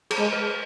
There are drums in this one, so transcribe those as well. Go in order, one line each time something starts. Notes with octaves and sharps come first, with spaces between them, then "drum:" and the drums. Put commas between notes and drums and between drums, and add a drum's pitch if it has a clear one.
G#4, drum: cymbal
G#3
B4